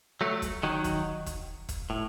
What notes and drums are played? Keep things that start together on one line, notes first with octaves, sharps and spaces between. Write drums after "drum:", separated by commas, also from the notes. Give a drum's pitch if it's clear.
F#3 A3
drum: kick, hi-hat
D#3 F#3
drum: kick, hi-hat
drum: kick, hi-hat
drum: kick, hi-hat
A2